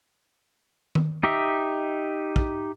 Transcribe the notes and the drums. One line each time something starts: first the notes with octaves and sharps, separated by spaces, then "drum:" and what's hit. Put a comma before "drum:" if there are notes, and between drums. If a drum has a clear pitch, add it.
drum: tom D#3
D#4 G4 D#5 E5
drum: kick